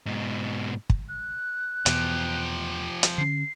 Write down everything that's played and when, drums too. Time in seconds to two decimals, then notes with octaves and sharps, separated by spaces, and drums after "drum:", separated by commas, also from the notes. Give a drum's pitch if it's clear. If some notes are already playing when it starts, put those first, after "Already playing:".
0.06 G#2 B2
0.90 drum: kick
1.09 F#6
1.86 E2 B2 F3 G4, drum: hi-hat
3.03 drum: hi-hat
3.18 D3 C#4 C7